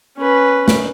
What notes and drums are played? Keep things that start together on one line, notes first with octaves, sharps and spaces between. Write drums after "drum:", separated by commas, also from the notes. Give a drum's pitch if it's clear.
C#4 B4
drum: snare